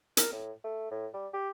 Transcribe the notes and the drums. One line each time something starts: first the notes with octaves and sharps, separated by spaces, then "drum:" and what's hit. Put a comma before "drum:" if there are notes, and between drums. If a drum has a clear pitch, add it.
A#4, drum: hi-hat
A2
A3
A2
G3
G4